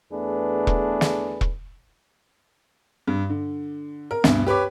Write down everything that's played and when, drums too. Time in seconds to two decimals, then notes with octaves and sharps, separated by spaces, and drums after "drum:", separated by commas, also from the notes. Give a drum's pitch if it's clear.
0.11 E2 A3 B3 D4 G#4 B4
0.67 drum: kick E1
1.01 drum: snare
1.41 drum: kick E1
3.07 G2
3.30 D3
4.11 A#4
4.24 D2 G2 B2, drum: snare
4.46 G4 B4 C#5 D6